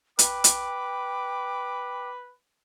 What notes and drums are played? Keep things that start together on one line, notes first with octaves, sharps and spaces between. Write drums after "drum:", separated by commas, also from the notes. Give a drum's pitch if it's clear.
B4 G5 D6, drum: hi-hat
drum: hi-hat